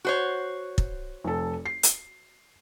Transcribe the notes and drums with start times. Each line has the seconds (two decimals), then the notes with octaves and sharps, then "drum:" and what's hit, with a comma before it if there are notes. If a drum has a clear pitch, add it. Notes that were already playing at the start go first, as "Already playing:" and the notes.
0.05 F#4 C5 C#5
0.78 drum: kick
1.24 F1 A4
1.66 C7
1.83 drum: hi-hat